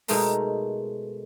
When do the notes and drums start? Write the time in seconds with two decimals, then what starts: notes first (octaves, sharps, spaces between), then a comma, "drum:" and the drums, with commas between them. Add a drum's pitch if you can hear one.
0.08 B2 G#3 A3 D#4 A#4 C6, drum: open hi-hat